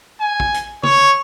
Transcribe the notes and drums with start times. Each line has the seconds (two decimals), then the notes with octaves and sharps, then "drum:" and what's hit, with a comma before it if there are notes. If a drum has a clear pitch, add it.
0.21 G#5
0.40 drum: kick
0.54 drum: hi-hat
0.83 C#5, drum: tom C#3